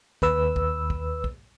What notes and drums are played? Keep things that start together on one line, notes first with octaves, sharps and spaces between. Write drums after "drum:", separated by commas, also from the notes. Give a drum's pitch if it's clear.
D#2 B4 E6, drum: kick
drum: kick
drum: kick
drum: kick